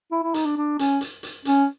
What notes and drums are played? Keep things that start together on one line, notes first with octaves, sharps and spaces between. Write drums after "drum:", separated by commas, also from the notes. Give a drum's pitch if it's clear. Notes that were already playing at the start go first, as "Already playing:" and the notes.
E4
E4
D#4, drum: hi-hat
D4
D4
C#4, drum: hi-hat
drum: hi-hat
drum: hi-hat
C#4, drum: hi-hat